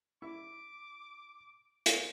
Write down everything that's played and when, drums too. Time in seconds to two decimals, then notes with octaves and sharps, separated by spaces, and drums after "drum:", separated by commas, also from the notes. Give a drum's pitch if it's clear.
0.22 E4 D6
1.86 drum: hi-hat